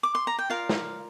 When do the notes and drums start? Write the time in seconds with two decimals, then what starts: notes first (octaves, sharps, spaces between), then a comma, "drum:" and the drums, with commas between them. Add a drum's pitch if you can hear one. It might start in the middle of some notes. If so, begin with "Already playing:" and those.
0.03 D6
0.15 C6
0.27 A#5
0.39 G5
0.50 F4 A#4 D5 F5
0.69 drum: snare